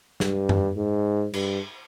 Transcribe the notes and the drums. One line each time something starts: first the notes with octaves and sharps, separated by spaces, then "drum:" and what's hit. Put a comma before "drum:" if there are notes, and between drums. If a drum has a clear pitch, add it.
G2, drum: snare
drum: tom F#2
G#2
G2, drum: cymbal